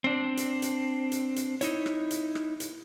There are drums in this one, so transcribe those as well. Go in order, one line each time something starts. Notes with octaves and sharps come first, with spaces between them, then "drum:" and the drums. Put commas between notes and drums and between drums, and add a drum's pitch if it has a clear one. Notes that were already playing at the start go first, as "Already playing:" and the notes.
C4 D4
drum: hi-hat
drum: hi-hat
drum: hi-hat
drum: hi-hat
D#4 E4 C#5, drum: hi-hat
drum: rim click
drum: hi-hat
drum: rim click
drum: hi-hat